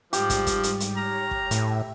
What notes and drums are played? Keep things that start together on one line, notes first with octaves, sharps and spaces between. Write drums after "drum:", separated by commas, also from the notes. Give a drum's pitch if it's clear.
G#2 F3 G3 G4, drum: hi-hat
drum: kick, hi-hat
drum: kick, hi-hat
drum: hi-hat
drum: hi-hat
C#5 A#5 F6
drum: kick
A2 E5, drum: hi-hat